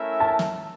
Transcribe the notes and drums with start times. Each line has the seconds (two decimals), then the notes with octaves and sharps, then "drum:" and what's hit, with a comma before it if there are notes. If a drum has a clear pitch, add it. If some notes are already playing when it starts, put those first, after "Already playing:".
Already playing: A3 C#4 E4 A#4 E5
0.20 A5
0.39 drum: snare